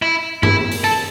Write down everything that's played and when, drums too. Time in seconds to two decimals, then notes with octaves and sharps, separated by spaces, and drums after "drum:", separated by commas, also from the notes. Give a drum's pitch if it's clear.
0.02 E4
0.43 E4, drum: tom G2
0.72 drum: open hi-hat
0.84 A4